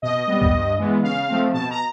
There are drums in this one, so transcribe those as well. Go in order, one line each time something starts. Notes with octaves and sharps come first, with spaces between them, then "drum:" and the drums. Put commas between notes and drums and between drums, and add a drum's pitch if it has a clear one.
B2 D#5
G3 B3
drum: kick C#2
G2
E3 G#3 B3
C#3 F5
F3 A3 C4
B2 A5
A#5